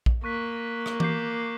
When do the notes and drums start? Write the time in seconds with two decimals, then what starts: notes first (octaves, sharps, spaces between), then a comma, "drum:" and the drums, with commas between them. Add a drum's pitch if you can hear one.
0.06 drum: kick A#1
0.23 A#3 C#6 F#6 B6
0.86 drum: rim click
1.00 D6 G6 C7, drum: tom E3